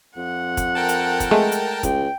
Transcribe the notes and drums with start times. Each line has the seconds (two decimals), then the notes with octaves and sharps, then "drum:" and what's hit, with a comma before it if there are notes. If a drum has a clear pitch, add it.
0.16 F2 F#5
0.57 drum: kick, hi-hat
0.75 A#4 G5 A5
0.89 drum: hi-hat
1.20 drum: kick, hi-hat
1.31 G#3 A3
1.52 drum: hi-hat
1.83 C#2 G5, drum: kick, hi-hat